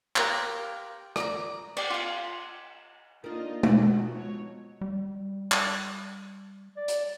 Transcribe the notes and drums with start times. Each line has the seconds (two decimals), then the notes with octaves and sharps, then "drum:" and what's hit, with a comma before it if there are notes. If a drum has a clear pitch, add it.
0.16 G4 A#4 F5 C6, drum: clap
1.16 D5 A#5, drum: rim click
1.77 G4 D5, drum: cymbal
1.90 F4 F5
3.24 A#3 D4 D#4 F4 D#5
3.63 B2 F3 F#3 F#4, drum: tom G#3
4.15 C#5
4.81 G3
5.52 drum: clap
6.77 D5
6.88 drum: hi-hat